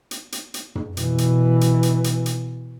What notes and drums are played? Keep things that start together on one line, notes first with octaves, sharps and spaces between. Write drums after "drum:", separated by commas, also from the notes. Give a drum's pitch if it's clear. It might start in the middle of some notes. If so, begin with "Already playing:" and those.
drum: hi-hat
drum: hi-hat
drum: hi-hat
drum: tom
B2 E3, drum: hi-hat
drum: hi-hat
drum: hi-hat
drum: hi-hat
drum: hi-hat
drum: hi-hat